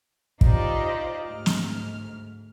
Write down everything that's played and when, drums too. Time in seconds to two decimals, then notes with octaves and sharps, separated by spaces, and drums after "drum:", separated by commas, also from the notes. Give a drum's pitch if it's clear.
0.41 D#4 F4 G4 C5 D5 D#5, drum: kick
1.28 D2 G#2 F6
1.46 drum: snare